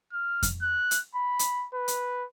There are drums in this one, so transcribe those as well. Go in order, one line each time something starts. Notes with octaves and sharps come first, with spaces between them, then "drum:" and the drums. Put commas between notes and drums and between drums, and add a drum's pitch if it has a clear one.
F6
drum: kick F2, hi-hat
F#6
drum: hi-hat
B5
drum: hi-hat
B4
drum: hi-hat